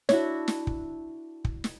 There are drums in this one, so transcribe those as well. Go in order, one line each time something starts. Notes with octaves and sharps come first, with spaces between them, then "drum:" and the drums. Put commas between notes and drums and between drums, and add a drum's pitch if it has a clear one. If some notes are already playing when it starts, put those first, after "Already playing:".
D4 E4 F#4 C#5, drum: snare
drum: snare
drum: kick
drum: kick
drum: snare